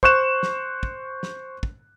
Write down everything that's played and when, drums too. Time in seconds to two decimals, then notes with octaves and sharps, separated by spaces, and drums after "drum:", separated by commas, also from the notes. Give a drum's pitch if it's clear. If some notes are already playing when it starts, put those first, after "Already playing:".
0.03 C5 C#6 F#6 E7, drum: kick
0.43 drum: snare
0.83 drum: kick
1.23 drum: snare
1.63 drum: kick